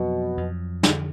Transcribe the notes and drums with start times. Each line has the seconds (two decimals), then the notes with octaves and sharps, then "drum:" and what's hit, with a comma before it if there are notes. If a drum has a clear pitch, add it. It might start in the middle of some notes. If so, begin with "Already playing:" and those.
Already playing: F2 B2 F#3
0.37 F2
0.83 D3, drum: snare